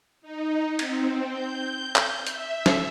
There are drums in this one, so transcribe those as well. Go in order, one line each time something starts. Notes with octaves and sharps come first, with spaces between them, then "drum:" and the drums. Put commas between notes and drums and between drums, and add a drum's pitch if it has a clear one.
D#4
C4, drum: cymbal
G6
drum: clap
E5, drum: hi-hat
drum: snare